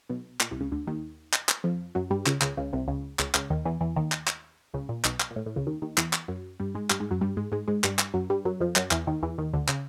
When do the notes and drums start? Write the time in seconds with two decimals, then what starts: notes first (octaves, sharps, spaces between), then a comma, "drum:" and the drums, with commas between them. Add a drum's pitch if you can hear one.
0.09 B1 B2
0.40 A#2, drum: clap
0.51 C2 C3
0.61 C#2 C#3
0.72 D2 D3
0.87 D#2 D#3
1.33 drum: clap
1.49 drum: clap
1.64 F2 F3
1.95 F#2 F#3
2.10 G2 G3
2.26 C#2 C#3, drum: clap
2.41 C#2 C#3, drum: clap
2.57 C#2 C#3
2.73 C2 C3
2.88 C#2 C#3
3.19 C#2 C#3, drum: clap
3.34 C#2 C#3, drum: clap
3.50 D#2 D#3
3.65 E2 E3
3.81 E2 E3
3.96 D#2 D#3
4.12 drum: clap
4.27 drum: clap
4.74 C#2 C#3
4.89 A#2
5.04 B1 B2, drum: clap
5.20 drum: clap
5.31 A#2
5.36 A2
5.46 A2
5.56 C#2 C#3
5.67 D#2 D#3
5.82 D#2 D#3
5.98 E2 E3, drum: clap
6.13 drum: clap
6.28 F#2 F#3
6.60 G2 G3
6.74 G#2 G#3
6.90 G2 G3, drum: clap
7.00 G#2 G#3
7.11 F#2 F#3
7.21 G2 G3
7.37 G#2 G#3
7.52 G#2 G#3
7.68 G#2 G#3
7.84 G2 G3, drum: clap
7.99 drum: clap
8.14 F#2 F#3
8.30 G2 G3
8.45 F#2 F#3
8.60 F2 F3
8.76 F#2 F#3, drum: clap
8.91 E2 E3, drum: clap
9.07 D#2 D#3
9.23 E2 E3
9.38 D#2 D#3
9.53 D2 D3
9.68 C#3, drum: clap